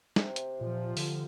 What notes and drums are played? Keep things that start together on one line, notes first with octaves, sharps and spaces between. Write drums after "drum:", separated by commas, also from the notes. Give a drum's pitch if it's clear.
C3, drum: snare
drum: hi-hat
A#2 F3
D3, drum: open hi-hat